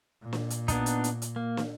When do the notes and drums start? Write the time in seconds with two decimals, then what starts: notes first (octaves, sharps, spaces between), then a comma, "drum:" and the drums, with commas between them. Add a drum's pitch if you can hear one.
0.23 A#2
0.33 drum: snare
0.50 drum: hi-hat
0.68 B3 D4 D#4, drum: kick, hi-hat
0.86 drum: hi-hat
1.04 drum: hi-hat
1.22 drum: hi-hat
1.36 A#3
1.57 drum: snare